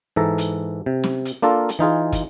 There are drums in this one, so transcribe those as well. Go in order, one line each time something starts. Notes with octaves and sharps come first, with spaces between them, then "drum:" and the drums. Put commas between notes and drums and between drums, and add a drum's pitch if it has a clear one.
G#2 E3 A4 A#5
drum: hi-hat
C3
drum: snare
drum: hi-hat
A#3 D4 F4 A4 A#4
drum: hi-hat
E3 D#4 F4 G#4
drum: kick, hi-hat